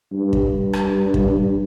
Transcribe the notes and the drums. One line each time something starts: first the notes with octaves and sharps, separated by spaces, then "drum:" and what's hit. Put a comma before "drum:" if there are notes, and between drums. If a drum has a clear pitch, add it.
G2
drum: kick
drum: rim click
drum: kick